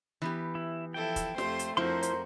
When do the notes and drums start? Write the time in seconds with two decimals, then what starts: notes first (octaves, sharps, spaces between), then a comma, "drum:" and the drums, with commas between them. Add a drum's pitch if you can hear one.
0.22 E3 B3 G4
0.55 E4
0.94 F3 E4 A4 G5
1.16 drum: kick, hi-hat
1.38 F2 A3 G4 C5 C6, drum: snare
1.59 drum: hi-hat
1.77 F2 F3 E4 F#4 A#4 C5 C6
2.03 drum: hi-hat